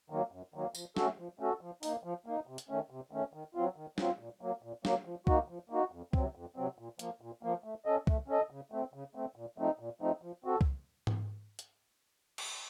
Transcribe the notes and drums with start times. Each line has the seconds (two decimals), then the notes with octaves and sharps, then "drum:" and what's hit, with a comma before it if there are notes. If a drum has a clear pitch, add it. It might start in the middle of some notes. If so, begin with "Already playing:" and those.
0.10 D#3 F#3 A#3
0.32 F#2
0.54 D#3 F#3 A#3
0.75 F3, drum: tambourine
0.97 A3 C#4 F#4 A4, drum: snare
1.18 F3
1.40 A3 C#4 F#4 A4
1.61 F3
1.83 A#3 D#4, drum: open hi-hat
2.04 F3
2.26 A#3 D#4
2.47 C3
2.58 drum: hi-hat
2.69 D#3 A3 C#4
2.90 C3
3.11 D#3 A3 C#4
3.34 D#3
3.55 F#3 C4 F4
3.76 D#3
3.98 F#3 C4 F4, drum: snare
4.19 A#2
4.41 F#3 A#3
4.63 A#2
4.85 F#3 A#3, drum: snare
5.05 F3
5.27 A#3 D#4 F#4, drum: kick C2
5.49 F3
5.70 A#3 D#4 F#4
5.92 F2
6.13 C3 F#3 C4, drum: kick C2
6.35 F2
6.56 C3 F#3 C4
6.79 A#2
6.99 F3 A#3, drum: hi-hat
7.21 A#2
7.43 F3 A#3
7.64 A3
7.86 C#4 A4 D#5
8.07 A3, drum: kick C2
8.28 C#4 A4 D#5
8.51 C#3
8.72 A3 C4
8.94 C#3
9.15 A3 C4
9.36 A#2
9.58 F3 A3 C4 D#4
9.79 A#2
10.01 F3 A3 C4 D#4
10.22 F3
10.44 C4 F#4 A4
10.61 drum: kick C2
11.07 drum: tom G#2
11.59 drum: hi-hat
12.38 drum: cymbal